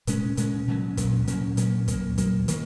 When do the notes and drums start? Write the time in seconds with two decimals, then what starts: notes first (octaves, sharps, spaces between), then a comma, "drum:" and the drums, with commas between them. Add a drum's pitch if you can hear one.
0.07 A#2 G#3 C#4, drum: hi-hat
0.37 A#2 G#3 C#4, drum: hi-hat
0.68 A#2 F#3 C#4
0.97 A#2 F#3 C#4, drum: kick, hi-hat
1.27 A#2 F#3 A#3 C#4, drum: hi-hat
1.57 A#2 F#3 A#3 C#4, drum: hi-hat
1.88 A#2 F#3 A#3, drum: kick, hi-hat
2.18 A#2 F#3 A#3, drum: kick, hi-hat
2.48 D#3 A#3, drum: hi-hat